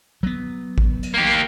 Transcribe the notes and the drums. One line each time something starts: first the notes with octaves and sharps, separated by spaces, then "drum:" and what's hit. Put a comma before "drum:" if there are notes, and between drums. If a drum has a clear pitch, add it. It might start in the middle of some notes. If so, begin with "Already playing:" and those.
F#3 B3
drum: kick A1
drum: cymbal
A#3 G4